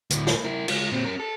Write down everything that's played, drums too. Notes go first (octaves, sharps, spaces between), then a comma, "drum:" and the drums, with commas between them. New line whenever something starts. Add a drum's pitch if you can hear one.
D2 A2, drum: hi-hat
drum: snare
E4 A#4
G#3 F4, drum: cymbal
A#2 C4
C#4 A#4
A4